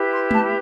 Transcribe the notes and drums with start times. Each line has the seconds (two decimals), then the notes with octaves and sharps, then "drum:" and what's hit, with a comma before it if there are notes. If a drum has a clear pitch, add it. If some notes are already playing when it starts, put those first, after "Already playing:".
Already playing: E4 G4 B4
0.11 C6
0.31 A5, drum: tom G#3